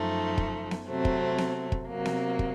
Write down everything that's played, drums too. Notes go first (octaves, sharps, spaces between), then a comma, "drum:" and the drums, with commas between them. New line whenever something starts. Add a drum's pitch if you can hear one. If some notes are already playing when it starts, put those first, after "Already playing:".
Already playing: F#2 F3 A3 D#4
drum: kick
drum: snare B3
C3 F#3 A3 C4
drum: kick
drum: snare B3
drum: kick
C3 F#3 A#3
drum: snare B3
drum: kick